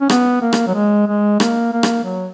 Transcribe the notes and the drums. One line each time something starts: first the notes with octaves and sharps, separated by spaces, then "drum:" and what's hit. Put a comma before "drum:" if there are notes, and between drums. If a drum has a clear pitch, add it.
C#4
B3, drum: rim click
A#3
drum: rim click
F#3
G#3
G#3
A#3, drum: rim click
A#3
drum: rim click
F#3